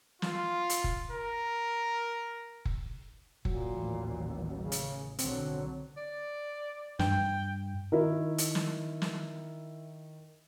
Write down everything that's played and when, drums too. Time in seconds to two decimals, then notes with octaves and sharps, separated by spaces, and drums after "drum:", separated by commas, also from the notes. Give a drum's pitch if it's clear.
0.22 F4, drum: snare
0.70 drum: hi-hat
0.84 drum: kick F#1
1.11 A#4
2.65 drum: kick F#1
3.45 A#2 F#3, drum: kick F#1
3.74 A1 D#2
4.59 C#3
4.72 drum: hi-hat
5.19 B1 D3 F#3 C4, drum: hi-hat
5.97 D5
6.99 G2 G5, drum: snare
7.92 D#3 E4 A#4
8.38 drum: hi-hat
8.55 drum: snare
9.02 drum: snare